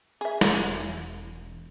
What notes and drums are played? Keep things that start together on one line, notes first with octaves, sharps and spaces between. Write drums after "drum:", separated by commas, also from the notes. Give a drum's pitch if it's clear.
G#4 E5
drum: snare
E1